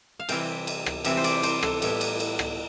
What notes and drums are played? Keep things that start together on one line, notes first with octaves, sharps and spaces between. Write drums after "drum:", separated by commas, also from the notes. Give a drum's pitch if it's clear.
F5
C3 E3 G3 C4 E4 G5, drum: cymbal
drum: cymbal
drum: rim click
C3 E3 G3 C4 E4 E5, drum: cymbal
C5
D5, drum: cymbal
C5, drum: cymbal
A4, drum: rim click
A2 G3 B3 E4, drum: cymbal
drum: cymbal
drum: cymbal
drum: rim click